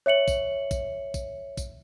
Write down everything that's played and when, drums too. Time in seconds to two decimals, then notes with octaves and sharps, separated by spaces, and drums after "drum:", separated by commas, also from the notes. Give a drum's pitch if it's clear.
0.06 C#5 E5 C#7 F#7
0.28 drum: kick A#1, tambourine
0.71 drum: kick A#1, tambourine
1.14 drum: kick A#1, tambourine
1.57 drum: kick A#1, tambourine